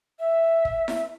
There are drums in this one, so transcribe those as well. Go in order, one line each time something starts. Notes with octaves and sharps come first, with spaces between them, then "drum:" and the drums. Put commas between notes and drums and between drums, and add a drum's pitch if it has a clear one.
E5
drum: kick
drum: snare E4